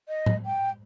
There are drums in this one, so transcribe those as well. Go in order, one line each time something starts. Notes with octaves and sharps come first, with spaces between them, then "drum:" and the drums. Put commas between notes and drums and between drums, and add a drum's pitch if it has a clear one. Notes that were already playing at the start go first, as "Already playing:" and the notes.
D#5
drum: tom A2
G5